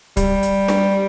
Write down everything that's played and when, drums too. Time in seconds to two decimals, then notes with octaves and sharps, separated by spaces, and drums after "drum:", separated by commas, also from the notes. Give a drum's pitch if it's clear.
0.17 G3, drum: kick, hi-hat
0.43 drum: hi-hat
0.68 drum: snare